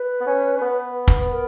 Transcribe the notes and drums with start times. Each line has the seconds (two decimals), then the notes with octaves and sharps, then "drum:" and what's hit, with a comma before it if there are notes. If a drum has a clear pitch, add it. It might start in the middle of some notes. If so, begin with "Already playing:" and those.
Already playing: B4
0.21 B3
0.27 C#4
0.57 C#4
0.61 B3
1.08 drum: kick
1.20 B4
1.31 A#4